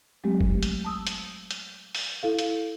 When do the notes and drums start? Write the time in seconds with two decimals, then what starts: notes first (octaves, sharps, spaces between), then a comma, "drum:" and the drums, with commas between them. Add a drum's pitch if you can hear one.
0.24 F#3 G#3 A3 C4 G4
0.41 drum: kick F#1
0.63 drum: hi-hat
0.85 A5 D#6 E6
1.07 drum: hi-hat
1.51 drum: hi-hat
1.95 drum: open hi-hat
2.23 E4 A4 F5
2.39 drum: hi-hat